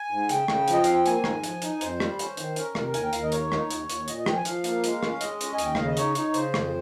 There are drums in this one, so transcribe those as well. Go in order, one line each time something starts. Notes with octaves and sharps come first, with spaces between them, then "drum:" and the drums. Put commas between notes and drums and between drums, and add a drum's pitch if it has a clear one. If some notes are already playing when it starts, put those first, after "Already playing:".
Already playing: G#5
G#2
C#3 G5, drum: hi-hat
C#3, drum: rim click
F3, drum: hi-hat
D#5
C4 F5, drum: hi-hat
G5
A#3 G#5, drum: hi-hat
G#2, drum: rim click
F3, drum: hi-hat
D#4, drum: hi-hat
F2 C5, drum: hi-hat
G3, drum: rim click
C#4, drum: hi-hat
D#3, drum: hi-hat
C#4 A#4, drum: hi-hat
C3, drum: rim click
D#2 G#5, drum: hi-hat
G5
D#2 F5, drum: hi-hat
D#5
A#3 C#5, drum: hi-hat
D#4, drum: rim click
D#2, drum: hi-hat
D#2, drum: hi-hat
A#2 D#5, drum: hi-hat
D#5
F3 G5, drum: rim click
G#5
F3 F5, drum: hi-hat
A#3, drum: hi-hat
G#3, drum: hi-hat
C#4, drum: rim click
G#3 D#5, drum: hi-hat
C#4, drum: hi-hat
G#5
D#2, drum: hi-hat
G5
C#3 F5, drum: rim click
D#5
D#4 C#5, drum: hi-hat
D#4, drum: hi-hat
C#3 C5, drum: hi-hat
F2, drum: rim click